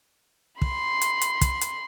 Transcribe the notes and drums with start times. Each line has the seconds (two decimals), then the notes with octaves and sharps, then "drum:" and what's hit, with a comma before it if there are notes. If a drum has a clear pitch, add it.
0.62 B5 C6, drum: kick
1.01 drum: hi-hat
1.21 drum: hi-hat
1.41 drum: kick, hi-hat
1.61 drum: hi-hat